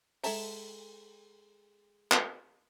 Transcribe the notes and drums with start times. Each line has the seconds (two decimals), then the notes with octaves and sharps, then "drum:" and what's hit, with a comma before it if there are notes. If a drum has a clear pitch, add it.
0.24 G#3 A4 E5 A5 A#5, drum: open hi-hat
2.11 drum: clap